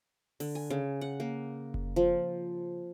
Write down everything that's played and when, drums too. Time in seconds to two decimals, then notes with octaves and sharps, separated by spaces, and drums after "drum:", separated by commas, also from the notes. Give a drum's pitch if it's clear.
0.40 D3, drum: open hi-hat
0.55 G#5
0.70 C#3
1.01 F#5
1.20 A#3
1.74 drum: kick F1
1.96 F3